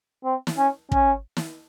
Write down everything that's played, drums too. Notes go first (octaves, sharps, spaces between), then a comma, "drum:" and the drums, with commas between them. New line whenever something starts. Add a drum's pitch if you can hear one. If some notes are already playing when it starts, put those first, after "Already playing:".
C4
drum: snare
C#4
C#4, drum: kick
drum: snare